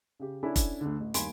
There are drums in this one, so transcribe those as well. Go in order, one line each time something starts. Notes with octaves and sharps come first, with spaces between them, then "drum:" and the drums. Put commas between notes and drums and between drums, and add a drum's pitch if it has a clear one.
C#3 G4
C#4 D4 E4 A4 G#5 B5
drum: kick F1, hi-hat
D2 D3
A1
G1 D#2 G#5 B5 C6 D7, drum: hi-hat